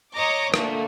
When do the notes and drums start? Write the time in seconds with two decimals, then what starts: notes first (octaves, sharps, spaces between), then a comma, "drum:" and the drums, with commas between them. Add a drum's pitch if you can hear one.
0.14 C#5 D#5 A#5 D6
0.54 A#2 D3 A3 A#3, drum: rim click